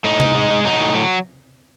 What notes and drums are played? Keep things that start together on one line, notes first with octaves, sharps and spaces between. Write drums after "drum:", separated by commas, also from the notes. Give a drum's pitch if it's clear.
A2 D#4
G#3, drum: tom C3
G#3
G#3
F#3 D#4
A2
F#3